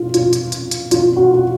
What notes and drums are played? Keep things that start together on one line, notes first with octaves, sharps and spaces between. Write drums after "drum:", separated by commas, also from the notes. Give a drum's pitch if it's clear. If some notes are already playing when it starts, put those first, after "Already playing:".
Already playing: F4
F4, drum: hi-hat
drum: hi-hat
drum: hi-hat
drum: hi-hat
F4, drum: hi-hat
F#4
F#4